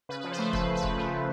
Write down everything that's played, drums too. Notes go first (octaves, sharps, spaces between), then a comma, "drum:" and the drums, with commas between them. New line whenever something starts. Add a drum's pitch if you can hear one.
C#3 B4
F3 B4
C5
A3 B4
C#3 B4, drum: kick
C#3
B4
C#3, drum: kick
A3
C#3